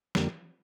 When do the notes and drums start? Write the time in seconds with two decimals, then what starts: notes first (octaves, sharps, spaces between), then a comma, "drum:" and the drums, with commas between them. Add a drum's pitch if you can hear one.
0.15 F2 D3 G3 A#3, drum: snare